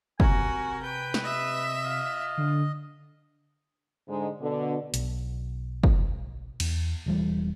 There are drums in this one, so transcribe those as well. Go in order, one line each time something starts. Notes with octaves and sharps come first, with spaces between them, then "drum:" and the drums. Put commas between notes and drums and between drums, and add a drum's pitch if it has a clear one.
C3 F#4 A#4 G#5, drum: kick
B4 G5
drum: snare
D#5 E5
F4
D3
G#2 D3 G#3
B2 D3
B1, drum: hi-hat
drum: kick
E2, drum: cymbal
E1 E3 G3